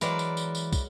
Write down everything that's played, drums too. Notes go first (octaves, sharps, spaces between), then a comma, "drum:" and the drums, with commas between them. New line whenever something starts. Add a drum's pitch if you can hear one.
E3 F#3 G#3 E4 A#4 B4 D5, drum: tambourine
drum: tambourine
drum: tambourine
drum: tambourine
drum: kick, tambourine